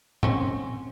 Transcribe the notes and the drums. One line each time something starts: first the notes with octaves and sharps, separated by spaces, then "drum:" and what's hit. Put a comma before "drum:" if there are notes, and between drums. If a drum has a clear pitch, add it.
C4 C#4 C5, drum: tom